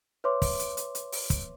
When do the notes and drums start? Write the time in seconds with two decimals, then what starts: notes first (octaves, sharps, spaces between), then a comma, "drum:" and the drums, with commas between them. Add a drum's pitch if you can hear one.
0.24 B4 C#5 E5 C6 D6
0.42 drum: kick, open hi-hat
0.59 drum: hi-hat
0.77 drum: hi-hat
0.95 drum: hi-hat
1.12 drum: open hi-hat
1.30 drum: kick, hi-hat